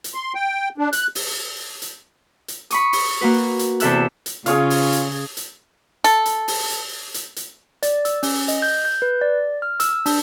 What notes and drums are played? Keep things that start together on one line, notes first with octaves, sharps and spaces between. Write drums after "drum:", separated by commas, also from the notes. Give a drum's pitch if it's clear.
drum: hi-hat
C6
G5
D4
F#6, drum: hi-hat
drum: open hi-hat
drum: hi-hat
drum: hi-hat
B5 C#6 D#6, drum: hi-hat
drum: open hi-hat
A#3 F#4 B4
drum: hi-hat
E2 C3 A4 E5 E6 F#6, drum: hi-hat
drum: hi-hat
C#3 F4 G#4 C#5 F5, drum: hi-hat
drum: open hi-hat
drum: hi-hat
drum: hi-hat
A4, drum: hi-hat
drum: hi-hat
drum: open hi-hat
drum: hi-hat
drum: hi-hat
drum: hi-hat
D5, drum: hi-hat
E6, drum: hi-hat
C#4, drum: open hi-hat
D#5, drum: hi-hat
G6
G6
B4
D5
F6
E6, drum: hi-hat
D4, drum: open hi-hat